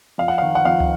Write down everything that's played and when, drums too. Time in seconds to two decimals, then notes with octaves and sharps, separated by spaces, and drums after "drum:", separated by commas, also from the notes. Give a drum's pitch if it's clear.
0.18 F2 F5
0.28 F#5
0.38 D#3 F5
0.55 F#5
0.65 F2 F5
0.80 drum: tom